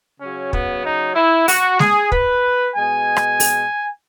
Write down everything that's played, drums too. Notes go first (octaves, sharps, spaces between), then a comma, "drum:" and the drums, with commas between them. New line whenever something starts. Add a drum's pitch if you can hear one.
C#3 F#3 C#4
B3, drum: kick
D#4
E4
F#4, drum: open hi-hat
G#4, drum: snare G#3
B4, drum: kick
B2 G#3 G#5
drum: rim click
drum: open hi-hat